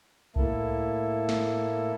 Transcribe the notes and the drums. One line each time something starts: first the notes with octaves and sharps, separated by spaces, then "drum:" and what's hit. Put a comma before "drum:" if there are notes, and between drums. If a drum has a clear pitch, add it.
A2 A#3 E4 A4, drum: kick C2
drum: snare